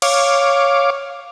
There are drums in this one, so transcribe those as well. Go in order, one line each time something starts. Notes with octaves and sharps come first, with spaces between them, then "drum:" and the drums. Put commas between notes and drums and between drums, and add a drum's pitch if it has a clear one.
C#5 F5 D6, drum: cymbal